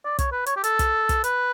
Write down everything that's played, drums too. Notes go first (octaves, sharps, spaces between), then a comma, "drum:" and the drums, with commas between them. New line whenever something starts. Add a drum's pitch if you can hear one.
D5
C#5, drum: kick, hi-hat
B4
C#5, drum: hi-hat
G4
A4, drum: hi-hat
drum: kick, hi-hat
drum: kick, hi-hat
B4, drum: hi-hat